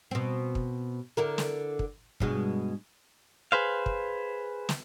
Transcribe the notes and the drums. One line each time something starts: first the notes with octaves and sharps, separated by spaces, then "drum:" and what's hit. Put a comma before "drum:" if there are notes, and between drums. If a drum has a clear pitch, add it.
B2 C4
drum: kick
D3 E4 A#4
drum: snare
drum: kick
G2 B2 G#3, drum: kick
G#4 B4 C5 F5
drum: kick
drum: snare